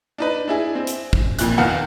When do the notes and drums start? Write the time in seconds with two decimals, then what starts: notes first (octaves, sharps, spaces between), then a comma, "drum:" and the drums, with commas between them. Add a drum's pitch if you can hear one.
0.18 D4 D#4 B4
0.48 D4 E4 G#4
0.75 C4
0.87 drum: hi-hat
1.13 drum: kick
1.39 F2 A#2 A#3 F#6, drum: hi-hat
1.58 E2 D#3 F5 F#5 C#7